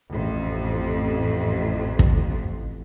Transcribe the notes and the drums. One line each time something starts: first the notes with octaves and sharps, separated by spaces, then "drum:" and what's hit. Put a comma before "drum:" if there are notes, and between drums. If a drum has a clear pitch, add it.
A1 F2
drum: kick